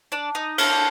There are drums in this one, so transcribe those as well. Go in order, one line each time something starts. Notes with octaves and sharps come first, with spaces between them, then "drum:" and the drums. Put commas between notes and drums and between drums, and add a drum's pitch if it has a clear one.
D4 D5
D#4 D#5
A#3 D4 F#4 A4, drum: cymbal